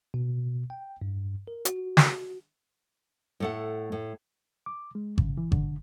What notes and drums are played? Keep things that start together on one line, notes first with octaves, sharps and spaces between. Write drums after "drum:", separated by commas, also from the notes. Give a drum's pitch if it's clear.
B2
G5
G2
A#4
F#4, drum: hi-hat
drum: snare
A2 A3 F#5
A2
D6
G#3
C#3, drum: kick G#1
E3
D3, drum: kick G#1